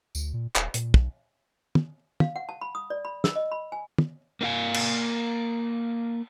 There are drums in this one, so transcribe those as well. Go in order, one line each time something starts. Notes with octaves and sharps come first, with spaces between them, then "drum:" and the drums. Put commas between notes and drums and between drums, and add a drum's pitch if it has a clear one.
D2, drum: tambourine
A#2
D#1, drum: clap
A#2, drum: hi-hat
B1, drum: kick
drum: tom
F5, drum: tom
F#5
A5
B5
D#6
D5
B5
E6, drum: snare
D#5
B5
G#5
drum: tom
A#3 C4 F4 F5 G#5
drum: cymbal